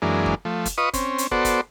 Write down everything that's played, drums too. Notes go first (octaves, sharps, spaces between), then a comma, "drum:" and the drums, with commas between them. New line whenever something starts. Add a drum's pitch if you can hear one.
F#2 E3 G#3 A#3 D4
drum: kick
F3 A3
drum: kick, hi-hat
F4 B4 D#5 C#6 D#6
C4 C#4, drum: kick, hi-hat
drum: hi-hat
B3 F#4 A4 C5 D5, drum: kick
drum: kick, hi-hat